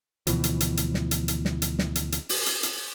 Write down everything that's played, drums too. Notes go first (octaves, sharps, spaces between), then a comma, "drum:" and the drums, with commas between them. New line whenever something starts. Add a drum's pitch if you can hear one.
D2 B2 E3 F3, drum: hi-hat
drum: hi-hat
drum: hi-hat
drum: hi-hat
drum: snare
drum: hi-hat
drum: hi-hat
drum: snare
drum: hi-hat
drum: snare
drum: hi-hat
drum: hi-hat
drum: open hi-hat
drum: hi-hat
drum: hi-hat